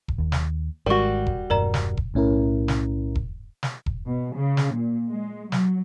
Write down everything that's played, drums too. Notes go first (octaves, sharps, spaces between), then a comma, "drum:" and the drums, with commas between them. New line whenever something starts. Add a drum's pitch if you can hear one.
drum: kick E1
D#2
drum: snare
G#1 G3 G#3 F#4 A#4 C#6
drum: kick E1
E1 G2 A#4 D5 A#5
drum: snare
drum: kick E1
B1 A2 C#4 E4 A#4
drum: snare
drum: kick E1
drum: snare
drum: kick E1
B2
C#3
drum: snare
A#2
G#3
F#3, drum: snare